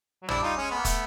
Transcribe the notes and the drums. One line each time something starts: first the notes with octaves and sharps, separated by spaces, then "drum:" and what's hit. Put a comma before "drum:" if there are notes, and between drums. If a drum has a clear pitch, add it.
F#3
G3 D4 E4, drum: tom G#1
D#4 F4
G#3 C#4
B3
A#3
A3, drum: kick, hi-hat